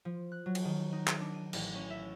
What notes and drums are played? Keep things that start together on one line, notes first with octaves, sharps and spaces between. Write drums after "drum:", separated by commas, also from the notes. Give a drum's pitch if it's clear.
F3
F#6
F#3
drum: cymbal
D#3
D#4
A#4, drum: clap
D4
D#7
A1, drum: cymbal
C#4
E5